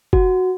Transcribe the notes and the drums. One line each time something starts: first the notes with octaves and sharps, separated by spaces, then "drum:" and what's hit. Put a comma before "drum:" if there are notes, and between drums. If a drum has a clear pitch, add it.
F#4, drum: kick